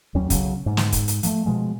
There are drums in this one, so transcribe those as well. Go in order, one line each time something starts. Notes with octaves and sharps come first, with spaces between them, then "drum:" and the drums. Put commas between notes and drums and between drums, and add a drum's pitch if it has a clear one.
D#2 F#3 G3 C#4
B1 C#3 F#3, drum: kick, hi-hat
G#2
drum: snare
drum: kick, hi-hat
drum: hi-hat
F3 G#3 A3, drum: hi-hat
B2 F3 G#3